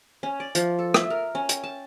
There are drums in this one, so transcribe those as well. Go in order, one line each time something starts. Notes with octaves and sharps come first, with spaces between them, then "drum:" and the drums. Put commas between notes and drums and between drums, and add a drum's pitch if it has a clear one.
C#4
D5
F3, drum: hi-hat
A4
E5, drum: rim click
A#4
C#4
G5, drum: hi-hat
A5